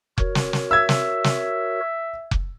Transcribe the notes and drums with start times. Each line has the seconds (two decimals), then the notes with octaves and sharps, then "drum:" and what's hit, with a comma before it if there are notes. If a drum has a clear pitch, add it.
0.18 F#4 A#4 C#5, drum: kick F1
0.35 drum: snare
0.53 drum: snare
0.71 E5 E6 G#6
0.89 drum: snare
1.24 drum: snare
2.31 drum: kick F1